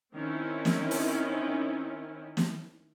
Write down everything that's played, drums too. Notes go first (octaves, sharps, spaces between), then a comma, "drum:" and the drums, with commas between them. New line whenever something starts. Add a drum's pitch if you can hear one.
D#3 C4 C#4 E4
drum: snare
drum: open hi-hat
drum: snare